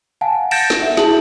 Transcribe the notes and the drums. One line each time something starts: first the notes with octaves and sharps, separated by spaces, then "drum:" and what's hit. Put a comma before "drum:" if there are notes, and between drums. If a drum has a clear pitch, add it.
F5 F#5 G#5 A5
G6 A6 A#6 C#7 D7 E7, drum: cymbal
drum: snare
E5
E4 F#4 G#4 A5 F#7, drum: snare